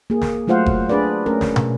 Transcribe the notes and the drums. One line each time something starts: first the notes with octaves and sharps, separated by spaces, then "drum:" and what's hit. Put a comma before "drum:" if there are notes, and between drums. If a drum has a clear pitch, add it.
A#3 G#4
drum: snare
F#3 A3 F4 C5 F5 F#5
drum: kick F1
D4 G#4 B4 D5
A3 C#4 A#4
drum: snare
drum: tom